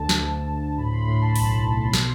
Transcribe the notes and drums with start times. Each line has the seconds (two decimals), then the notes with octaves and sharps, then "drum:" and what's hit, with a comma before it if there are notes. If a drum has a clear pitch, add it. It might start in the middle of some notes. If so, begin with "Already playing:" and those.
Already playing: D2 D3 A5
0.09 drum: snare
0.20 D2
0.48 D2
0.78 A2 B5
0.93 C6
1.07 A2 B5
1.21 A5
1.36 B1 B5, drum: open hi-hat
1.65 B1 B5
1.93 C6, drum: snare